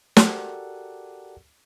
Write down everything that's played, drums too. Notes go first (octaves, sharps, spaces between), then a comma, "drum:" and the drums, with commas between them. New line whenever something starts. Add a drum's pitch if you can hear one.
F#4 G4 A4 A#4 D5 F#5, drum: snare